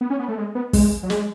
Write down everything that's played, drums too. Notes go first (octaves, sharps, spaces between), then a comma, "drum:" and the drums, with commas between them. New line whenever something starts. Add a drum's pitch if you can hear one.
B3
C#4
B3
A3
G#3
B3
G#3, drum: kick, open hi-hat
F#3
G#3, drum: snare